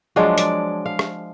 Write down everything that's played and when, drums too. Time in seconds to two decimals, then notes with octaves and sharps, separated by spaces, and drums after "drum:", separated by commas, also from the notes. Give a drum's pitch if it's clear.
0.16 F3 F#3 G#3 D4
0.38 D5, drum: hi-hat
0.86 F5
0.99 drum: rim click